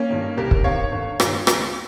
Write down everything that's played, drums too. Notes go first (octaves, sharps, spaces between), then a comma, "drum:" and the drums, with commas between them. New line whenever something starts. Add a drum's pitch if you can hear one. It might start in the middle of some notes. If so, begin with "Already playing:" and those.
Already playing: A#3 C#4
G2 D#3
C2 G4 A#4
drum: kick
C3 D#3 C#5 F5
G1
G2 D#3, drum: rim click
C#2, drum: rim click